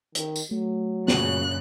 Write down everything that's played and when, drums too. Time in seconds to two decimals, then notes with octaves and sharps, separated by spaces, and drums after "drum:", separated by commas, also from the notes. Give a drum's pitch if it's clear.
0.15 D#3, drum: hi-hat
0.36 drum: tambourine
0.51 F#3 A3
1.08 F#2 A#2 C#3 F#6, drum: snare